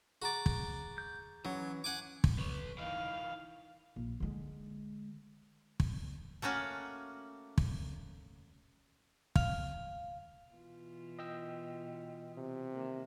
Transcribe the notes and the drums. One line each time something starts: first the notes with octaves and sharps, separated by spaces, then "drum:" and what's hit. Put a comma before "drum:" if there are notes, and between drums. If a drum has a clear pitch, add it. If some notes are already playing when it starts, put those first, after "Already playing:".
F#4 G#4 A#5 D6 A6
drum: kick
G6
E3 F#3 C#4
F#5 G#5 D6
drum: kick
B4 C#5
E3 D#4 F5
A#1
D3 G#3
drum: kick
A3 A#3 C#4 F#4
drum: kick
F5, drum: kick
B2 E3 F4
D#5 G5 E6
C3
D#3 A#3